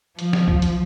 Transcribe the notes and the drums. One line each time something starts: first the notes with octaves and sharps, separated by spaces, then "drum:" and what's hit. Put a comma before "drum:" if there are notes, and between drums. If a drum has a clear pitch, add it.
F3, drum: hi-hat
drum: snare
drum: kick C2
drum: hi-hat